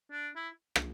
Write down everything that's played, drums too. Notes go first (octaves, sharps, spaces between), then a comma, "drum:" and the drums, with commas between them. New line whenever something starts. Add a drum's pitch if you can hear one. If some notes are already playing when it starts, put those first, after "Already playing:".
D4
E4
drum: rim click